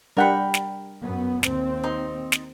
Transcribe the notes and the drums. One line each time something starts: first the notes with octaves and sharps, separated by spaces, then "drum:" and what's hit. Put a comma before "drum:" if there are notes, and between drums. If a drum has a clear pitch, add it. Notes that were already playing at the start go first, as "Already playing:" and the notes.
G3 D4 A#4 F#5 G5 B5
drum: snare
F#2 B3
D#2 C4, drum: snare
D#4 C6
drum: snare